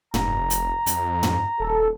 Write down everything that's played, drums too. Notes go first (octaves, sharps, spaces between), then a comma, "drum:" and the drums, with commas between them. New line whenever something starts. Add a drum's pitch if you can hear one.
F1 A#5, drum: tom
drum: hi-hat
F2, drum: hi-hat
drum: tom
D#1 A4